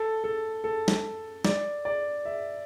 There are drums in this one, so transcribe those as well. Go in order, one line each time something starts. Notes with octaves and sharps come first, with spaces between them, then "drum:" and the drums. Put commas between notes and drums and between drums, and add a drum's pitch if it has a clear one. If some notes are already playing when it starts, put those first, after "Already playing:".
Already playing: A4
A4
A4
drum: snare
D5, drum: snare
D5
E5